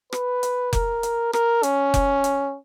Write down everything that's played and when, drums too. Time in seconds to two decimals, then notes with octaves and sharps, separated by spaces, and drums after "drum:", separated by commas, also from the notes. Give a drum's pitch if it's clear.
0.12 B4, drum: rim click
0.43 drum: hi-hat
0.73 A#4, drum: kick F1, hi-hat
1.03 drum: hi-hat
1.33 A#4, drum: rim click
1.63 C#4, drum: hi-hat
1.94 drum: kick F1, hi-hat
2.24 drum: hi-hat